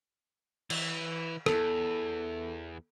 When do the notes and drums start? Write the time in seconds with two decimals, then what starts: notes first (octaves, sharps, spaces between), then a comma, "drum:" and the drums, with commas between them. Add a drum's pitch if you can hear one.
0.70 E3, drum: cymbal
1.46 E2 A4, drum: rim click